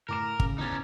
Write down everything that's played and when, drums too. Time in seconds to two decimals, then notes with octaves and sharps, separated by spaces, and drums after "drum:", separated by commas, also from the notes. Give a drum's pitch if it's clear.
0.09 A2 A#4 D6 E7
0.40 C#3, drum: kick
0.58 E2 C#4 D#4 A6